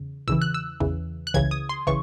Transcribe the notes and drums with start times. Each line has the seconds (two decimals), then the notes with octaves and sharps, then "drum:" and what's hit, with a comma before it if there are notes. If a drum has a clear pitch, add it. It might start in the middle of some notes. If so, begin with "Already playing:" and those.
Already playing: E2 C#3
0.28 E2 C#3 E3 E6, drum: kick
0.42 F#6
0.54 E6
0.80 E2 C#3 E3, drum: kick
1.27 F#6
1.34 C#2 C#3 E3 G#6, drum: kick
1.51 D#6
1.69 C6
1.87 C#3 E3 C#6, drum: kick